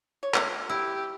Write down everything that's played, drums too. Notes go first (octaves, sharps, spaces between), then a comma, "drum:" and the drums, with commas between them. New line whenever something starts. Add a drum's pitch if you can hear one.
C#5
drum: clap
E4 G4 E6